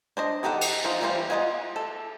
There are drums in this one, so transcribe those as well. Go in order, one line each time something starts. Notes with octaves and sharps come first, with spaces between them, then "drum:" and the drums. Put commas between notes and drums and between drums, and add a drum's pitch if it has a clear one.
D4 C5 D#5
D#3 D#4 G4 A4 F#5
drum: cymbal
F3 D#4 F4
E3 G3 E4 F4 C5
F4 C5 D#5 F#5 G#5
A4